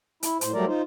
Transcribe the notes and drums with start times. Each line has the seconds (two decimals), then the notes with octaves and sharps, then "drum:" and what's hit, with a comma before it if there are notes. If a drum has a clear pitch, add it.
0.23 E4, drum: hi-hat
0.41 A2 C5, drum: hi-hat
0.54 F#3 G3 A3 A#4 D5
0.67 D#4 F4 C5